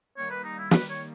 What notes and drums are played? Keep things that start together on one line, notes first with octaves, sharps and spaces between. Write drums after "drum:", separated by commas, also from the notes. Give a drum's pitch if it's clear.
D#3 G3 A#3 C#5
B4
D#4
E4
B4, drum: snare
C#5